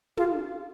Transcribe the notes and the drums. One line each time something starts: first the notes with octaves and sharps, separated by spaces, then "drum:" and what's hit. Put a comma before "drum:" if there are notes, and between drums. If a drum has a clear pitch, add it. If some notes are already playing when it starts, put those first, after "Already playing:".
F4, drum: tom